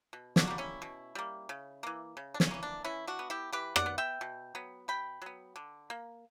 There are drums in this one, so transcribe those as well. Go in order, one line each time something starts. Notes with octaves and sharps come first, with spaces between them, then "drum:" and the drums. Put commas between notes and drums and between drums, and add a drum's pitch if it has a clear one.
B2
D4 F#4, drum: snare
G3 A#3
C#4 E4
B2
G3 A#3
C#3
E3 A#3
C#3
D4
C#4, drum: snare
E3 A#3
D4
E3 C#4 E4
D4 F#4
B3
E4 G4
E3 G4 B4
D5 F#5, drum: rim click
B3
E5 G5
B2
F#3 B3
B2 G5 B5
F#3 B3
D3
A#3